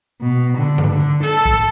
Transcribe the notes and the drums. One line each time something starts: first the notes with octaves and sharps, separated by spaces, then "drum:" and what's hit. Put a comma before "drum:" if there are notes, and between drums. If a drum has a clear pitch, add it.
B2
D3
drum: tom G2
D3
A4, drum: hi-hat
drum: kick